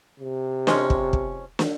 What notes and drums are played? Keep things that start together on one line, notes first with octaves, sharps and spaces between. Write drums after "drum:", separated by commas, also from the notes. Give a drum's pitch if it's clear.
C3
F3 G#3 C#4, drum: snare
drum: kick
drum: kick
drum: snare